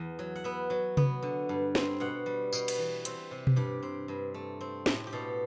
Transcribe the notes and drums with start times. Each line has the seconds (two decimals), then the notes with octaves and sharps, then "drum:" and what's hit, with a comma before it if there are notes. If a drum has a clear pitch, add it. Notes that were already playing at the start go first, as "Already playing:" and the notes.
Already playing: E2
0.19 F#3
0.36 F#5
0.44 B3 E5
0.70 F#3
0.97 B3, drum: tom C3
1.23 D3
1.49 G2
1.75 C4, drum: snare
2.00 B2 F#5
2.26 G3
2.53 B2, drum: tambourine
2.68 drum: cymbal
2.78 E3
3.05 C4, drum: hi-hat
3.31 C3
3.47 drum: tom B2
3.56 G2 G4
3.83 C4
4.08 G2
4.34 A3
4.61 C4
4.86 A2, drum: snare
5.07 G4
5.13 B2 A4